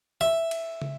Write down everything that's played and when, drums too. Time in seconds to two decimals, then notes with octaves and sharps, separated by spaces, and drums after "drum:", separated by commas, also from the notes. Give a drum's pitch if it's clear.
0.21 E5, drum: rim click
0.51 drum: cymbal
0.82 drum: tom